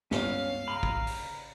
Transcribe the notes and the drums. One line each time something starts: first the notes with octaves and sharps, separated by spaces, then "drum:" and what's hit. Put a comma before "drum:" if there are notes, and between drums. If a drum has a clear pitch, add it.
C#2 G2 B3 C#4 F5, drum: snare
C#3 A#5 B5
drum: kick
drum: open hi-hat